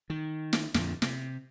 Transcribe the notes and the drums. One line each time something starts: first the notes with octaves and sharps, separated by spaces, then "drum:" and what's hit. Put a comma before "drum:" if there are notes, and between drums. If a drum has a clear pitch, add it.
D#3
drum: snare
F2 A#2 D3, drum: snare
C3, drum: snare